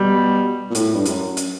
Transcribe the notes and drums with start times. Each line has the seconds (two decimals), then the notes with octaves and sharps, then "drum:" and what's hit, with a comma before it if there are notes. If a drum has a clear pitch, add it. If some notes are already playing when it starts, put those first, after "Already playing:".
Already playing: B2 G3
0.70 A#2
0.75 A2, drum: hi-hat
0.94 G2
1.06 F#2, drum: hi-hat
1.37 drum: hi-hat